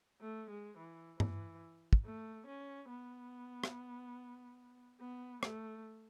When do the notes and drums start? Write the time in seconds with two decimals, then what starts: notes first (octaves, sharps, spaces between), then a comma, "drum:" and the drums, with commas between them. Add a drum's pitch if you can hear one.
0.21 A3
0.50 G#3
0.78 E3
1.20 E3, drum: tom G2
1.93 drum: kick
2.05 A3
2.47 C#4
2.89 B3
3.64 drum: rim click
5.01 B3
5.43 A3, drum: rim click